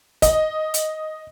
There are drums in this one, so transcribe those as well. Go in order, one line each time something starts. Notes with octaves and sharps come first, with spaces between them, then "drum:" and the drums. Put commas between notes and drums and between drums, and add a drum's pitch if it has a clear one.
D#5, drum: kick F1, hi-hat
drum: hi-hat